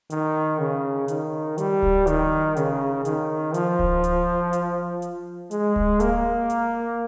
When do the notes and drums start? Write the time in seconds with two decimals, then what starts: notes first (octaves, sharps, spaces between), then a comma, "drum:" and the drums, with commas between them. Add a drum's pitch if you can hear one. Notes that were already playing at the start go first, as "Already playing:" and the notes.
0.10 D#3, drum: hi-hat
0.59 C#3
1.08 D#3, drum: hi-hat
1.58 G3, drum: hi-hat
1.82 drum: kick D1
2.07 D#3, drum: hi-hat
2.57 C#3, drum: hi-hat
3.05 D#3, drum: hi-hat
3.54 F3, drum: hi-hat
3.79 drum: kick D1
4.04 drum: hi-hat
4.53 drum: hi-hat
5.02 drum: hi-hat
5.51 G#3, drum: hi-hat
5.76 drum: kick D1
6.00 A#3, drum: hi-hat
6.50 drum: hi-hat